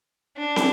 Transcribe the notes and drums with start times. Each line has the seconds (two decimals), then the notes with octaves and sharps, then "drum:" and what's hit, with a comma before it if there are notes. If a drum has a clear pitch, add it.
0.37 D4
0.56 drum: snare